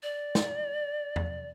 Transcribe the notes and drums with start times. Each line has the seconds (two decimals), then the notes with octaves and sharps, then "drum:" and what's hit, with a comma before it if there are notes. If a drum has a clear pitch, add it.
0.03 D5
0.35 drum: snare
1.16 drum: tom E2